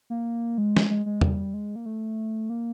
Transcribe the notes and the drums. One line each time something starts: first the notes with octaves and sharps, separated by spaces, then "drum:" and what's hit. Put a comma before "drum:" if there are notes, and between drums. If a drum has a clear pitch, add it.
A#3
G#3
drum: snare
G#3
G#3
G3, drum: tom E2
G#3
A#3
A3
A#3